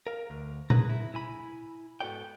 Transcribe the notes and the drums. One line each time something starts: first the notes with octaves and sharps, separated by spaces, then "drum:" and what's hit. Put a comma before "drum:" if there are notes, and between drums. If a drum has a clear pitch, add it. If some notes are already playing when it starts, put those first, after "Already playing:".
A#4 F5
D2
E4 G#4 B4 A#5, drum: tom A#2
E4
E4 G#5 B5
G#2 B3 F#4 A4 D5 G5